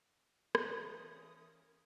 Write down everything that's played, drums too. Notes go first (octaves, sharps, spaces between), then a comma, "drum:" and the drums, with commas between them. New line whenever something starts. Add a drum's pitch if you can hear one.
E2 E3 F3 C#4 A#4 C#5 D#6, drum: rim click